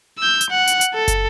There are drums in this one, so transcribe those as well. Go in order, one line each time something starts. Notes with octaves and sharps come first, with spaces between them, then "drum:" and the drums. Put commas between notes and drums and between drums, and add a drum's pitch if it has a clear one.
E6 G6
drum: hi-hat
F#5
drum: hi-hat
drum: hi-hat
A4
drum: kick, hi-hat